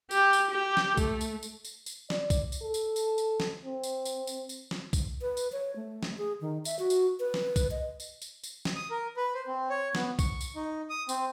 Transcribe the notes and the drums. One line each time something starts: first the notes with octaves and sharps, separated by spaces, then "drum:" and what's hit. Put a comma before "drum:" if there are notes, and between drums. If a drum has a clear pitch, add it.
G4, drum: tambourine
drum: tambourine
G4
drum: snare
A3, drum: kick B1, tambourine
drum: tambourine
drum: tambourine
drum: tambourine
drum: tambourine
D5, drum: snare
drum: kick B1, tambourine
drum: tambourine
A4
drum: tambourine
drum: tambourine
drum: tambourine
drum: snare
C4
drum: tambourine
drum: tambourine
drum: tambourine
drum: tambourine
drum: snare
drum: kick B1, tambourine
B4
drum: tambourine
C#5
A3
drum: snare
G#4
D#3
E5, drum: tambourine
F#4
drum: tambourine
B4
drum: snare
drum: kick B1, tambourine
D#5
drum: tambourine
drum: tambourine
drum: tambourine
drum: snare
D#6
A#4
B4
C5
C4
C#5
B3, drum: snare
C#6, drum: kick B1, tambourine
drum: tambourine
D#4
D#6
C4, drum: tambourine